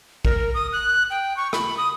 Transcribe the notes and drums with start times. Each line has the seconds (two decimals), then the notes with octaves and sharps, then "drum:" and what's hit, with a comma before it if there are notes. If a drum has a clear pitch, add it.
0.25 A#4, drum: kick
0.54 D#6
0.73 F#6
1.10 G5
1.37 C#6
1.53 B5, drum: rim click
1.77 D#6